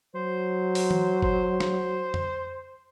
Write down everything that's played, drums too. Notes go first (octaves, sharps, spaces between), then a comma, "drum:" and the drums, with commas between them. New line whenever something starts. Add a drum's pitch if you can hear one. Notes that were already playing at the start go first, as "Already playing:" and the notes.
F#3 C5
drum: open hi-hat
drum: tom E3
C5, drum: kick G1
drum: snare
drum: tom F2